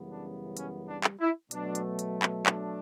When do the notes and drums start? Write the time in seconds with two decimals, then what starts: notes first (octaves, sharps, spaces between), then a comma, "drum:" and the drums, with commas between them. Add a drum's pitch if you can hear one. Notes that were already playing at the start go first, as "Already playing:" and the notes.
Already playing: F#2 C#3 E3 G3 B3
0.09 D4
0.57 C#4, drum: hi-hat
0.88 D4
1.04 drum: clap
1.20 E4
1.51 B2 F#3 A3 D4, drum: hi-hat
1.75 drum: hi-hat
1.99 drum: hi-hat
2.23 drum: clap
2.46 D4, drum: clap